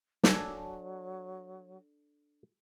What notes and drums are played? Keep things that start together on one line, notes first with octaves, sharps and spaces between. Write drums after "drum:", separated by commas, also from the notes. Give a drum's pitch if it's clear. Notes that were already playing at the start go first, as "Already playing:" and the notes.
F#3 D4 A4 G#5, drum: snare